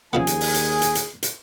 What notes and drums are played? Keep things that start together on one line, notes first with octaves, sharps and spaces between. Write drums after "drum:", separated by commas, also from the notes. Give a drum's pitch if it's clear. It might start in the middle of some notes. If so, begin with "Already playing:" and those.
D#2 C#3 F3 B3 G#4 G#5
drum: hi-hat
drum: open hi-hat
drum: hi-hat
drum: hi-hat
drum: hi-hat
drum: hi-hat